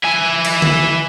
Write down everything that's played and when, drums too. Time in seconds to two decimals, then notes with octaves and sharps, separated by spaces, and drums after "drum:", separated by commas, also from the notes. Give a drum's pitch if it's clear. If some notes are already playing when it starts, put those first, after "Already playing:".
0.04 E4 G#5
0.45 drum: cymbal
0.62 drum: tom D3